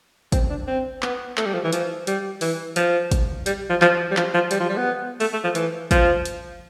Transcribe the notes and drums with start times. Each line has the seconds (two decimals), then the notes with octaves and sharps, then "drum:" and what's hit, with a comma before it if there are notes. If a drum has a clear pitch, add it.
0.32 C4, drum: kick, hi-hat
0.50 D4
0.68 C4
1.02 B3, drum: clap
1.37 A3, drum: clap
1.46 G3
1.54 F3
1.64 E3
1.73 F3, drum: hi-hat
2.07 G3, drum: hi-hat
2.41 E3, drum: open hi-hat
2.76 F3, drum: hi-hat
3.11 drum: kick, hi-hat
3.46 G3, drum: hi-hat
3.70 F3
3.82 F3, drum: clap
4.11 G3
4.17 F3, drum: clap
4.34 F3
4.51 G3, drum: hi-hat
4.60 F3
4.69 G3
4.77 B3
5.20 A3, drum: open hi-hat
5.33 A3
5.44 F3
5.55 E3, drum: hi-hat
5.91 F3, drum: kick, hi-hat
6.25 drum: hi-hat